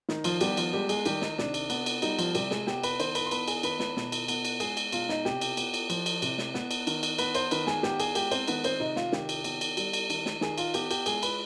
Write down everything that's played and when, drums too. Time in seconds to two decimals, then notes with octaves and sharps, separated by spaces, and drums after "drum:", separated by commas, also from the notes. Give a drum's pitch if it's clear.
0.09 D#3 D#4, drum: snare
0.24 F3 F4, drum: cymbal
0.41 G3 B3 G4, drum: cymbal
0.57 F3 F4, drum: cymbal
0.73 G3 G#3 G4
0.89 G#3 G#4, drum: cymbal
1.06 D#3 G3 G4, drum: cymbal
1.22 D#4, drum: snare
1.38 C3 D4, drum: snare
1.54 drum: cymbal
1.70 B3, drum: cymbal
1.86 drum: cymbal
2.02 G3 D#4, drum: cymbal
2.19 F3 F4, drum: cymbal
2.35 C3 G3 G4, drum: cymbal
2.51 G#3 G#4, drum: snare
2.67 B3 G4 G5, drum: snare
2.83 B4 B5, drum: cymbal
3.00 D#3 C5 C6, drum: cymbal
3.15 B4 B5, drum: cymbal
3.26 C6
3.31 B3 B4 B5, drum: cymbal
3.48 G#4 G#5, drum: cymbal
3.63 D#3 B4 B5, drum: cymbal
3.80 B4 B5, drum: snare
3.97 B2, drum: snare
4.12 drum: cymbal
4.28 B3, drum: cymbal
4.45 drum: cymbal
4.60 G#3 G#4 G#5, drum: cymbal
4.77 drum: cymbal
4.92 B2 F4 F5, drum: cymbal
5.09 D#4 D#5, drum: snare
5.25 C3 G4 G5, drum: snare
5.41 drum: cymbal
5.57 B3, drum: cymbal
5.74 drum: cymbal
5.90 F3, drum: cymbal
6.06 drum: cymbal
6.22 C3, drum: cymbal
6.38 drum: snare
6.54 B3, drum: snare
6.71 drum: cymbal
6.87 D#3, drum: cymbal
7.03 drum: cymbal
7.18 B3 B4 B5, drum: cymbal
7.35 C5 C6, drum: cymbal
7.51 D#3 B4 B5, drum: cymbal
7.67 G#4 G#5, drum: snare
7.83 B3 G4 G5, drum: snare
8.00 G#4 G#5, drum: cymbal
8.15 G#3 G4 G5, drum: cymbal
8.31 C4 C5, drum: cymbal
8.48 D#3 B3 B4, drum: cymbal
8.64 C4 C5, drum: cymbal
8.80 C3 D#4 D#5
8.96 F4 F5, drum: snare
9.12 D#3 G4 G5, drum: snare
9.29 drum: cymbal
9.44 B3, drum: cymbal
9.61 drum: cymbal
9.77 G3, drum: cymbal
9.93 drum: cymbal
10.10 D#3, drum: cymbal
10.26 drum: snare
10.41 D#3 G#4 G#5, drum: snare
10.58 F4 F5, drum: cymbal
10.74 B3 G4 G5, drum: cymbal
10.91 G4 G5, drum: cymbal
11.06 G#3 G#4 G#5, drum: cymbal
11.23 B4 B5, drum: cymbal